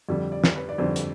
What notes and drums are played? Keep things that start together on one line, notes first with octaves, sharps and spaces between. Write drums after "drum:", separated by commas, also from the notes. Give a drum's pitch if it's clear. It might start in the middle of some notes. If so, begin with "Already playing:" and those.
F2 D3 G3
D5
drum: snare
B4
D5
F2 D3 G3 C5
drum: hi-hat